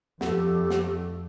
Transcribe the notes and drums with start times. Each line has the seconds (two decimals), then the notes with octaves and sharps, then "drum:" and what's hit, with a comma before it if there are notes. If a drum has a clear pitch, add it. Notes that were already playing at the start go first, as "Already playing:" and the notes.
0.21 F2 A3 G4 A4, drum: snare
0.70 drum: snare